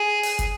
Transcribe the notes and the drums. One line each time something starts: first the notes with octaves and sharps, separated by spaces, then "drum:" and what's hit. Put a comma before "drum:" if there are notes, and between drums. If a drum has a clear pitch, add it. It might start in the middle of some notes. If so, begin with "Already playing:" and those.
Already playing: G#4
drum: open hi-hat
drum: kick, hi-hat